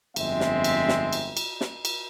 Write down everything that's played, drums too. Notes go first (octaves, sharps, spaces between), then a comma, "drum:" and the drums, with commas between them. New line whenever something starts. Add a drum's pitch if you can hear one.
G1 F2 G#3 C4 E5, drum: cymbal
drum: snare
drum: cymbal
drum: snare
drum: cymbal
drum: cymbal
drum: snare
drum: cymbal